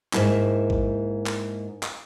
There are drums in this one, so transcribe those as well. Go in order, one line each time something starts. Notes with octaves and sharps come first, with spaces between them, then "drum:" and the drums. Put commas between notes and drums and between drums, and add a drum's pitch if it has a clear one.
G#2 A#3 E4, drum: clap
drum: kick A1
drum: clap
drum: clap